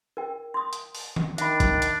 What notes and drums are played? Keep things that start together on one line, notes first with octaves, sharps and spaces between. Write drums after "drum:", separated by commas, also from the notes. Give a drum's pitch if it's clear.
A#4 G5
C6 D#6
drum: hi-hat
drum: open hi-hat
drum: tom D#3
D#3 D4 E5 B5, drum: hi-hat
drum: kick, hi-hat
drum: hi-hat